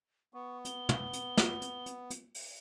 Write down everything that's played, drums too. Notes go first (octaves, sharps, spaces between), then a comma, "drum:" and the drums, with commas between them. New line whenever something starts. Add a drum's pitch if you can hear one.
B3 C#6
G7, drum: hi-hat
drum: tom
drum: hi-hat
drum: snare
drum: hi-hat
drum: hi-hat
drum: hi-hat
drum: open hi-hat